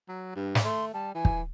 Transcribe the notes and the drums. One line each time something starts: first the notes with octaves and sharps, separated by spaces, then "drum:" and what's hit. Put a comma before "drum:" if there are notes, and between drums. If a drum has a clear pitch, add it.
F#3
G2
drum: snare
A3 C6
G3 A5
E3 G#5
drum: kick